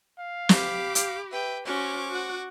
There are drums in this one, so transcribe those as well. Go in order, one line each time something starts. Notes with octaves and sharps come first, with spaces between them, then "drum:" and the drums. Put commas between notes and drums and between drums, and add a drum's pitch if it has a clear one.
F5
G4 B5 D6, drum: snare
F5, drum: hi-hat
B4 E5 G5
C#4 F#4 C5 C#6 D6
F#4 F#5